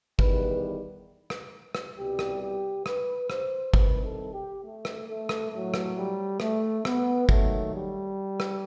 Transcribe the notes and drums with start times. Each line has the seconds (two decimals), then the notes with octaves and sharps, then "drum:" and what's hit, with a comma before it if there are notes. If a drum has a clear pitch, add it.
0.19 E2 D#3 G3 B4, drum: kick G1
1.30 drum: rim click
1.75 drum: rim click
1.97 C2 B2 G3 G4
2.19 drum: rim click
2.42 G4
2.86 B4, drum: rim click
3.30 C5, drum: rim click
3.74 C2 C3 D#3 B4, drum: kick G1
4.04 A4
4.33 G4
4.63 A3
4.85 drum: rim click
5.07 A3
5.29 drum: rim click
5.51 A2 F#3 A3
5.74 drum: rim click
5.96 G3
6.40 A3, drum: rim click
6.85 B3, drum: rim click
7.29 D#2 D#3 F#3 A3, drum: kick G1
7.74 G3
8.40 drum: rim click